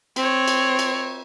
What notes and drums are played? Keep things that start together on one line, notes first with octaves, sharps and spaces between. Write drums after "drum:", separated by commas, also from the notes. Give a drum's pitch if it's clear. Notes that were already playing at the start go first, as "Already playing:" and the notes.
C4 C#5, drum: cymbal
drum: cymbal
drum: cymbal